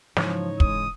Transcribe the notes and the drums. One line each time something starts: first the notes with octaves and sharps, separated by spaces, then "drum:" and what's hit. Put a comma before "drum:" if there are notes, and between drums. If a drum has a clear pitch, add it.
G#2 C#3 E3 F3 D#4 C#5, drum: snare
G#3 D#6, drum: kick